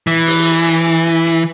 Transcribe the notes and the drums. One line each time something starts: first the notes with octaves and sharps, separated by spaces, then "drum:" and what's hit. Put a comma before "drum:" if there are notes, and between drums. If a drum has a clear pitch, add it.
E3, drum: hi-hat
drum: open hi-hat
drum: hi-hat
drum: hi-hat
drum: hi-hat
drum: hi-hat